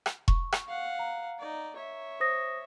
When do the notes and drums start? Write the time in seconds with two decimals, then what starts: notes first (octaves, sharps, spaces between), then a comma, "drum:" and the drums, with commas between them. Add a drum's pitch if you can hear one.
0.06 drum: rim click
0.28 C#6, drum: kick E1
0.52 drum: rim click
0.67 F5 F#5
0.99 A#5
1.39 D#4 D5
1.76 C#5 E5
2.20 C5 D#6 A#6